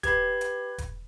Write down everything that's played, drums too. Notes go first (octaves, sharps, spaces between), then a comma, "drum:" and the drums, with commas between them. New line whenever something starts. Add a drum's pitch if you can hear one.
G4 B4 B5 G#6, drum: kick E1, hi-hat
drum: hi-hat
drum: kick E1, hi-hat